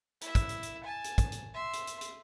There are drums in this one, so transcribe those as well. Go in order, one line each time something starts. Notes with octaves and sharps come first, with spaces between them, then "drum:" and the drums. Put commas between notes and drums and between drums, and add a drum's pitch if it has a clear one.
E4 E5, drum: hi-hat
drum: kick, hi-hat
drum: hi-hat
drum: hi-hat
G#5 A5
drum: hi-hat
drum: kick, hi-hat
drum: hi-hat
E5 C6
drum: hi-hat
drum: hi-hat
drum: hi-hat